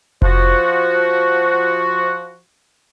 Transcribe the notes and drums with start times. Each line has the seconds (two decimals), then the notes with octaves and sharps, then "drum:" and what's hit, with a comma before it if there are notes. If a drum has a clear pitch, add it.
0.22 F3 F#4, drum: kick F1